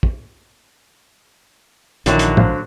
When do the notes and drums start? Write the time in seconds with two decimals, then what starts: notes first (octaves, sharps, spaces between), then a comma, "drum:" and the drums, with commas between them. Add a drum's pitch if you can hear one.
0.03 drum: kick
2.06 A#1 D3 D#3 F#3 E4 G5, drum: hi-hat
2.19 drum: hi-hat
2.37 C5 F5, drum: tom A2